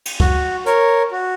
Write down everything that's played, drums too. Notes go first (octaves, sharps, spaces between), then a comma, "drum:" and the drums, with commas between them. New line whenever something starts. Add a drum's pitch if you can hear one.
drum: cymbal
F#4, drum: kick C#2
A#4 C#5, drum: hi-hat
F#4